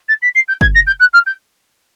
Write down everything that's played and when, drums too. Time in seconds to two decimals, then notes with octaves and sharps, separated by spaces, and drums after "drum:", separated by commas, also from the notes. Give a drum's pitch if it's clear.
0.08 A6
0.22 B6
0.35 C7
0.48 G6
0.61 G#6, drum: kick
0.75 A#6
0.87 G6
1.00 F#6
1.13 F6
1.26 G6